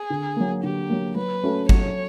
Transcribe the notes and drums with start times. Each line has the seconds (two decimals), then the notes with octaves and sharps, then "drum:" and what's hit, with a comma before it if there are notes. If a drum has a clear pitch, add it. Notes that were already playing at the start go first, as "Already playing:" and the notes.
Already playing: G#4
0.10 D3
0.36 F#3 A#3
0.63 D3 G4
0.90 F#3 A#3
1.16 F#3 B4
1.44 A3 C#4 F#4
1.69 F#3 C#5, drum: kick G1